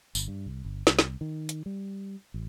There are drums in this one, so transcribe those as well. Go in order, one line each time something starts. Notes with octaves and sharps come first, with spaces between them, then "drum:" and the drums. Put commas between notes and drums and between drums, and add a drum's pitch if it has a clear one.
G1, drum: tambourine
G2
C2
G1
C2, drum: snare
drum: snare
D#3
drum: hi-hat
G3
A1